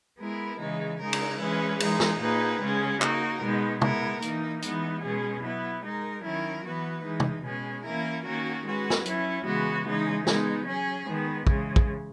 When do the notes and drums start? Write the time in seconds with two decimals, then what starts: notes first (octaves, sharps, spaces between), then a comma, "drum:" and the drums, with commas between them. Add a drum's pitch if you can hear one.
0.19 G#3 B3 E4 A#4
0.60 C#3 E3 G#3 D#4
1.00 C#3 G#3 D#4 A#4
1.13 drum: cymbal
1.40 E3 G#3 C#4 G#4 B4
1.80 E3 G#3 D#4, drum: cymbal
2.00 drum: snare
2.20 A#2 A#3 D#4 G#4 B4
2.61 C#3 G#3 C#4 G#4
3.02 A#3 D#4 F#4 A#4, drum: clap
3.41 B2 G#3 B3 D#4
3.82 G#3 B3 E4 A#4, drum: tom
4.22 E3 A#3 D#4, drum: hi-hat
4.62 E3 G#3 B3 D#4, drum: hi-hat
5.02 B2 G#3 C#4 G#4
5.43 F#3 B3 E4
5.83 G#3 D#4 A#4
6.24 D#3 F#3 C#4 E4 A#4
6.64 E3 B3 F#4 B4
7.03 E3 G#3 D#4
7.20 drum: tom
7.44 B2 G#3 C#4 G#4
7.85 E3 A#3 C#4 E4 A#4
8.25 D#3 A#3 C#4 F#4 A#4
8.65 G#3 C#4 F#4 B4
8.90 drum: snare
9.06 F#3 C#4 E4, drum: hi-hat
9.45 C#3 E3 G#3 B3 F#4
9.87 C#3 E3 G#3 D#4
10.27 G#3 B3 D#4, drum: snare
10.67 F#3 C#4 G#4
11.06 D#3 G#3 B3
11.47 C#3 E3 G#3, drum: kick
11.76 drum: kick